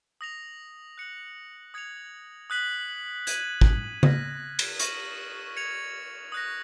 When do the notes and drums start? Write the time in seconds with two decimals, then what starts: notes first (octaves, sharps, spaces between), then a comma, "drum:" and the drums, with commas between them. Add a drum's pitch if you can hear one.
0.21 D#6 A#6 F7
0.98 F#6 C#7 F#7
1.74 D#6 G#6 C#7 F7
2.50 D#6 F#6 B6 F#7
3.27 G#6 D#7 F#7, drum: hi-hat
3.61 drum: kick
4.03 F6 A#6 D#7, drum: tom C#3
4.59 drum: cymbal
4.79 C#6 F6 A#6 D#7 F#7, drum: hi-hat
5.57 G#6 C#7 F7
6.32 D#6 F#6 A#6